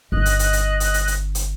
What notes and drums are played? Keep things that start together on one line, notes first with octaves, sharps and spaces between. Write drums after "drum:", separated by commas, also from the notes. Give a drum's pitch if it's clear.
G1 D#5 F#6
drum: hi-hat
drum: hi-hat
drum: hi-hat
drum: hi-hat
drum: hi-hat
drum: hi-hat
drum: hi-hat